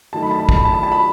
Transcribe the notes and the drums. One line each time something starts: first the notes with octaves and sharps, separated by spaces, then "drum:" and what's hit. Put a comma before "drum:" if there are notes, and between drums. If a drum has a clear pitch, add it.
D#3 F#3 A3 D#4 A5
B5
A5
B5
A5, drum: kick
B5
A5
B5
A5
B5